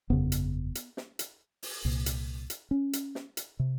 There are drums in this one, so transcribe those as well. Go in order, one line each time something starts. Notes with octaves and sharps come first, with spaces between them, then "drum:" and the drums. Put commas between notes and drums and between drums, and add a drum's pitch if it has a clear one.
G1 F2 C#3 B3
drum: hi-hat
drum: hi-hat
drum: snare
drum: hi-hat
drum: open hi-hat
C2 A#2
drum: hi-hat
drum: hi-hat
C#4
drum: hi-hat
drum: snare
drum: hi-hat
C3